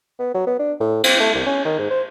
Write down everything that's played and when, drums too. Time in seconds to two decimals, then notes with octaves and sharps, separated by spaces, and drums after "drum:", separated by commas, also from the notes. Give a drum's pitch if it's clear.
0.19 B3
0.34 F#3
0.47 B3
0.59 D4
0.80 A2
1.04 C4, drum: cymbal
1.20 A3
1.34 C2
1.46 C#4
1.65 D#3
1.79 G#2
1.90 C5